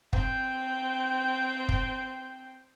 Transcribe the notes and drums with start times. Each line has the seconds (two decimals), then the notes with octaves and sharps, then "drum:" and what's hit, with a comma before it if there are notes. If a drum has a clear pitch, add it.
0.13 C4 G5, drum: kick
1.69 drum: kick